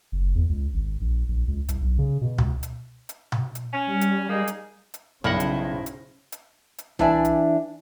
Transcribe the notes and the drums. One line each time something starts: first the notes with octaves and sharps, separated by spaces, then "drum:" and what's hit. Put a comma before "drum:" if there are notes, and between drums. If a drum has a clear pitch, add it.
F#1
E2
C#2
G#1
A#1
A#1
C#2
C2, drum: hi-hat
B1
C#3
B2
C#2, drum: tom B2
drum: hi-hat
drum: hi-hat
drum: tom B2
drum: hi-hat
C#4
G3
drum: hi-hat
G3 A#3 D#4 G#4
drum: hi-hat
drum: hi-hat
B1 G2 C#3 E4 C5 F#5 F6 A#6
drum: hi-hat
drum: hi-hat
drum: hi-hat
drum: hi-hat
E3 D4 D5 E5 G#5, drum: tom C2
drum: hi-hat